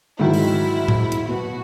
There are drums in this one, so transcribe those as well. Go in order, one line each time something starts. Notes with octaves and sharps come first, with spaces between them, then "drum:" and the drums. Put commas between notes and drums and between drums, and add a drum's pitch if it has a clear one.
G#2 D#3 F#3 E4
drum: open hi-hat
drum: tom A2
drum: hi-hat
B2 F#3 B3 F#4